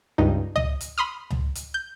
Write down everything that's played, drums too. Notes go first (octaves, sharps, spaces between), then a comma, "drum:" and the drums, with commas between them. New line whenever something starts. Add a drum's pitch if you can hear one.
C#2 G2 D#4
D#5, drum: tom C#2
drum: hi-hat
B5 C6 D#6 F6
drum: tom C#2
drum: hi-hat
G6